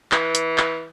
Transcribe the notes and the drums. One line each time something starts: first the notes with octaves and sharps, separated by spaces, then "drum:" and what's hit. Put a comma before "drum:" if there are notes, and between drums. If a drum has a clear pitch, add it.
E3, drum: clap
drum: hi-hat
drum: clap